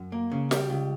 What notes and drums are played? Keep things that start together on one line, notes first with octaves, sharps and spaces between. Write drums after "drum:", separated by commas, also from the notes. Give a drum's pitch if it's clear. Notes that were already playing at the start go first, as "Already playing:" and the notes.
Already playing: F#2
A#3
C#3
G3, drum: snare
C#2